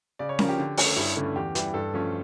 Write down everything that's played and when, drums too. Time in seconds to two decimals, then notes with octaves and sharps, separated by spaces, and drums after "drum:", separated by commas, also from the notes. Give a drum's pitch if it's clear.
0.19 C#3 D5
0.29 C#5
0.39 F3 C#4 A#4, drum: snare C#4
0.49 G4
0.59 D3
0.77 A3 C#4, drum: open hi-hat
0.96 G2 E4
1.17 D3 A3 C#4
1.35 E2 G4
1.55 E3 G3, drum: hi-hat
1.74 G2 A4
1.94 F3 A3 C#4